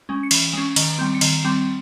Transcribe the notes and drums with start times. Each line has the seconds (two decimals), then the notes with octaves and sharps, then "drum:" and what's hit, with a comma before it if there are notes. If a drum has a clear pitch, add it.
0.09 G#3 C#4
0.23 C#7
0.31 E3 C7, drum: cymbal
0.53 G#3 C#4
0.76 D#3, drum: cymbal
0.99 G3 C4
1.15 C#7
1.21 D#3 C7, drum: cymbal
1.44 G3 C4